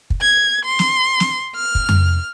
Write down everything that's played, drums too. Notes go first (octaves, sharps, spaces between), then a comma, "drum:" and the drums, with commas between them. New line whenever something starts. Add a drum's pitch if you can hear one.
drum: kick
G#6
C6
drum: snare
drum: snare
F6
drum: kick
drum: tom F2